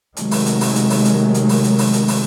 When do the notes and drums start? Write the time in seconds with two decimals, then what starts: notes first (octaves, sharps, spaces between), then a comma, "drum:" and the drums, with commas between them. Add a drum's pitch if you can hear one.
0.17 C3 D#3 F#3 G#3 A3, drum: hi-hat
0.31 drum: open hi-hat
0.46 drum: hi-hat
0.61 drum: open hi-hat
0.75 drum: hi-hat
0.90 drum: open hi-hat
1.05 drum: hi-hat
1.34 drum: hi-hat
1.49 drum: open hi-hat
1.64 drum: hi-hat
1.79 drum: open hi-hat
1.93 drum: hi-hat
2.08 drum: open hi-hat